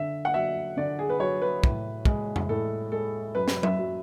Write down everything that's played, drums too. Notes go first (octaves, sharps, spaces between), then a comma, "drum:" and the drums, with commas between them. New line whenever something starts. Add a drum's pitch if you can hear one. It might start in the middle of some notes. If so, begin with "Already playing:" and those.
Already playing: D3 E5
F#5
F#3 E5
D3 D5
G#4
B4
F#3 C#5
B4
A2, drum: kick
G#3, drum: kick
drum: tom F2
A2 A4
G#3 A4
F#2 B4
drum: snare
E5, drum: tom F#3
F#3